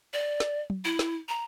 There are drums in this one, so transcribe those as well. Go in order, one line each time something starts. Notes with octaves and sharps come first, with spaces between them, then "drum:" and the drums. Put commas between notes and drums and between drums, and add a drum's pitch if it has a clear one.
D5
drum: snare
drum: tom F#3
E4
drum: snare
A#5